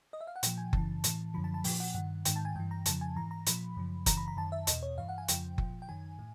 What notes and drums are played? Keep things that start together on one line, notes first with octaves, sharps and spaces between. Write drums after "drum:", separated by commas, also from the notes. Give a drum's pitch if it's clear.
D#5
E5
F5
F#5
A#2 F3 G5, drum: hi-hat
G#5
F#2 C#3 E3 A5, drum: kick F#1
A2 E3, drum: hi-hat
F#2 D3 F3 B5
A5
A5
A#2 F3 G5, drum: open hi-hat
F#5
G2 D#3 F#5
G#2 D#3 G5, drum: hi-hat
A5
G#5
G2 E3 G5
A#5
F2 C#3 F3 A5, drum: hi-hat
G#5
G#2 E3 A#5
A#5
A#2 F3 B5, drum: hi-hat
F#2 C#3 F3
F#2 C#3 E3 A#5, drum: kick F#1, hi-hat
B5
A#5
F#2 D#3 A5
E5
E2 B2 D#5, drum: hi-hat
C#5
G2 E3 F5
F#5
G#5
F2 C#3 F3 G5, drum: hi-hat
A#2 F3, drum: kick F#1
G5
F#2 D#3 G#5
A2